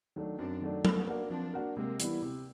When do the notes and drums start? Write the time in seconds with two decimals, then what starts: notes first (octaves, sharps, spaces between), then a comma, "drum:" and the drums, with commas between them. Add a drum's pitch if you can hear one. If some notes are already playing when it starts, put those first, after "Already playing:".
0.16 D#3 F#3 A3 D4
0.38 F#2 C4 D4
0.62 D#3 F#3 A3 D4
0.85 F3 B3 C#4, drum: tom F#3
1.07 A#3 D4 F#4 A#4
1.30 F3 C4 D4
1.54 A#3 D4 F#4 A#4
1.76 C3 G#3 A#3
2.00 E3 G3 B3 E4, drum: hi-hat
2.22 C3